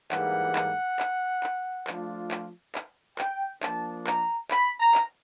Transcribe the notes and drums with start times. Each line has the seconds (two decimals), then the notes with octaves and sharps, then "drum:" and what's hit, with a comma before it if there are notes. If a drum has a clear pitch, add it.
0.12 G#2 E3 G3 A#3 F#5, drum: clap
0.55 drum: clap
0.99 drum: clap
1.43 drum: clap
1.87 F3 A3 D4 F4, drum: clap
2.31 drum: clap
2.75 drum: clap
3.19 G5, drum: clap
3.63 F3 A#3 D4 A5, drum: clap
4.07 A#5, drum: clap
4.51 B5, drum: clap
4.80 A#5
4.95 drum: clap